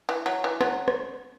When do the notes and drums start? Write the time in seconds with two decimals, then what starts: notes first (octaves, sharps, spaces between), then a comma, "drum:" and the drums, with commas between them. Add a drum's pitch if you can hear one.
0.09 E3
0.26 F#3
0.44 E3
0.61 F#3, drum: rim click
0.88 drum: rim click